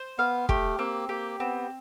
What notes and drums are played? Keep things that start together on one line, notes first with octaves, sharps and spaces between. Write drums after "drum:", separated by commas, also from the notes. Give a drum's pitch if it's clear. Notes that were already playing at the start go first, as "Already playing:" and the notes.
Already playing: C5
B3 F5
A3 G4, drum: kick
A#3 C4
A#3 G4
B3 C4